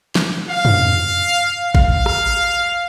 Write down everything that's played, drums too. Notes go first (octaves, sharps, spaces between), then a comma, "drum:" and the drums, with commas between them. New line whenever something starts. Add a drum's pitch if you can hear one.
drum: snare
F5
drum: tom
F5, drum: kick A1
drum: rim click